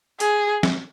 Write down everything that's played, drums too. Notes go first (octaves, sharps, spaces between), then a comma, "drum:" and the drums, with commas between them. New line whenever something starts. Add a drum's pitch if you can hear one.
G#4, drum: hi-hat
drum: snare